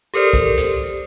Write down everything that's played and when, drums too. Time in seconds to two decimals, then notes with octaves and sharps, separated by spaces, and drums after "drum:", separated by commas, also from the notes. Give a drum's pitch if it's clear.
0.14 G4 A4 A#4 C5 D5
0.33 drum: kick
0.58 drum: hi-hat